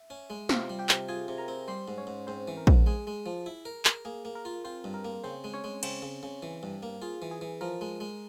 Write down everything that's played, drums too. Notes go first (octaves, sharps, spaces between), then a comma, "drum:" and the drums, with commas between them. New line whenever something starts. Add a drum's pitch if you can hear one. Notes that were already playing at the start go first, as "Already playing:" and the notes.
Already playing: E5
C#4
G#3
C3 F4 F5, drum: snare
G3
G4 G5
C3, drum: clap
F4 G#4 G#5
C3
A#4 A#5
C4
G3 C5 C6
G#2
C#4 C#5
G#2
G#2 C4 C5
E3
A#4
G#2, drum: kick A#1
G#3 G#4
G#3
F3
E4
A#4
A#4, drum: clap
A#3 G#4
A#3
A#4
F4
C4 F4 C5
G2
A#4
A#3
C#3 C4 C5
G#3
C#4 C#5
G#3
C#3 C4 C5, drum: cymbal
C#3
C#3
E3
G2
A#3
F4 G#4
E3
G#4
E3
F3 A#4
G#3
G#3